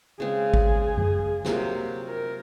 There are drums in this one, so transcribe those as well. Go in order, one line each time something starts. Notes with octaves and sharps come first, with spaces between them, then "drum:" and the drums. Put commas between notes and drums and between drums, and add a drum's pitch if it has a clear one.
C#3 G#3 C4 G#4
drum: kick G#1
drum: tom F#2
C3 F#3 A#3 F4, drum: snare
A#4